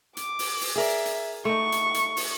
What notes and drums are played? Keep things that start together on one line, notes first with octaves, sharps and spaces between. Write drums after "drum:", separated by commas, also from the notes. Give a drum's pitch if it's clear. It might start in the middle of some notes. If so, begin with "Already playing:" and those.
D6, drum: hi-hat
drum: open hi-hat
drum: open hi-hat
G#4 A#4 D5 E5
drum: hi-hat
A3 D#4 C#6
drum: hi-hat
drum: hi-hat
drum: open hi-hat